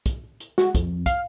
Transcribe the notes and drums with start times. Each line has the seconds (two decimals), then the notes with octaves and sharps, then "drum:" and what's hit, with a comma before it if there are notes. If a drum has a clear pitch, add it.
0.06 drum: kick, hi-hat
0.40 drum: hi-hat
0.58 F#4, drum: snare
0.75 F2, drum: kick, hi-hat
1.06 F5, drum: kick, hi-hat